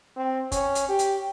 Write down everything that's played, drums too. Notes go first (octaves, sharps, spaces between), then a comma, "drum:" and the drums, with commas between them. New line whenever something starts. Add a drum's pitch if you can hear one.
C4
C#4, drum: kick, hi-hat
drum: hi-hat
G4
drum: hi-hat